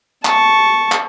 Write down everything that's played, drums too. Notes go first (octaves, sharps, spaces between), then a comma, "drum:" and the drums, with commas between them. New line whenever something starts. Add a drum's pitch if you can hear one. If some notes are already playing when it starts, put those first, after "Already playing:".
A5 C#6, drum: clap
drum: clap